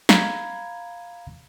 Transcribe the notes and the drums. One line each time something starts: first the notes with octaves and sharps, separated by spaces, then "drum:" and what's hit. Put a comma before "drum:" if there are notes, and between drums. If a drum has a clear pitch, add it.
F5 A#5 B5 G#6, drum: snare